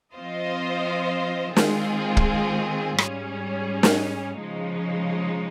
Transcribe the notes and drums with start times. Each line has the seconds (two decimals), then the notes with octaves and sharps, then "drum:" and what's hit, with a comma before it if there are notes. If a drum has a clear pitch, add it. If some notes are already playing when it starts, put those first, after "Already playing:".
0.14 F3 C4 F4 C5 D#5
1.56 D#3 G#3 C4 F4 G#4, drum: snare
2.17 drum: kick
2.98 G#2 G3 C#4 G#4, drum: rim click
3.83 drum: snare
4.40 C#3 F3 G#3 D#4